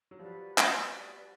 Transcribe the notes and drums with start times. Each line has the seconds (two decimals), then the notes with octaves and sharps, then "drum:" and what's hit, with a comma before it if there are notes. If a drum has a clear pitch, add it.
0.11 F#3
0.19 F3 G3 F#4 B4 D5
0.58 drum: clap